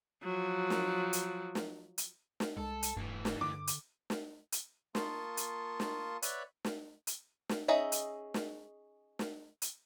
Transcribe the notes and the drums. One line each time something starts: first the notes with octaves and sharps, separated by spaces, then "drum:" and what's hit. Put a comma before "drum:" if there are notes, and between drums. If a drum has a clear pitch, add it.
F3 F#3
drum: snare
drum: hi-hat
drum: snare
drum: hi-hat
drum: snare
C2 G#3 A4
drum: hi-hat
D#1 D2 G2 E3
drum: snare
D3 D6
drum: hi-hat
drum: snare
drum: hi-hat
A#3 F4 A5 C6 C#6 D#6, drum: snare
drum: hi-hat
drum: snare
B4 C#5 D5 E5 F#5 B5, drum: hi-hat
drum: snare
drum: hi-hat
drum: snare
C#4 D#4 G#4 D#5 E5
drum: hi-hat
drum: snare
drum: snare
drum: hi-hat